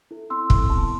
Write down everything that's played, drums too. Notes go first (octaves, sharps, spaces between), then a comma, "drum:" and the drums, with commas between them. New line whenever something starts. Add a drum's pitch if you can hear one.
E4 A4
C4 C6 E6
E4 A4, drum: kick
B3 A5 C6